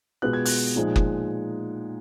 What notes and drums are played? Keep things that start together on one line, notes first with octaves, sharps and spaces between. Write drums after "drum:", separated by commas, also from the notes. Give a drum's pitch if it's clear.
B2 G#3 B3 F4 F#6
G#6
F#6, drum: open hi-hat
A#2 F3 G#3 D#4
drum: kick F#1